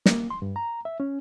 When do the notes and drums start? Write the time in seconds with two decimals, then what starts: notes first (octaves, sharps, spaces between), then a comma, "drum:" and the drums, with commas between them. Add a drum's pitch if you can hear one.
0.06 A#3, drum: snare
0.30 C6
0.42 G2
0.56 A#5
0.85 E5
1.00 C#4